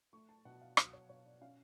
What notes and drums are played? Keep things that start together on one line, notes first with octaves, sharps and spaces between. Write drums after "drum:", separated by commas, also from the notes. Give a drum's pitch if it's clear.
A3 C#6
A5
B2 F#5
F5
F#3 F#4, drum: rim click
C#5
B2 C#5
D5
C#4 F5